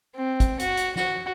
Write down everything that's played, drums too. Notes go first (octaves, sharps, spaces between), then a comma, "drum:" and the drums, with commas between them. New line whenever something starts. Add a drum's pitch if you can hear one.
C4
drum: kick, hi-hat
F#4, drum: hi-hat
drum: hi-hat
F#4, drum: snare